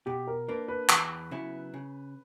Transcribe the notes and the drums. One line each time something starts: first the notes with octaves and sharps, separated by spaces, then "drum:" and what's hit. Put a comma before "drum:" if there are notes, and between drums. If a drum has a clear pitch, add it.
B2 G4
A#4
A#3 D4 B4
B4
E2, drum: clap
C#3 F#3 B3 E4
C#3